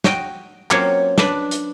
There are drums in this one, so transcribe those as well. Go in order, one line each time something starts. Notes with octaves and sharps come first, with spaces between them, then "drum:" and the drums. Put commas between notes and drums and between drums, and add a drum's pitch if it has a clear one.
F#4 D#5 G5, drum: snare
F#3 A#3 C4 C#4 F4 C#5, drum: clap
D4 B4, drum: snare
drum: hi-hat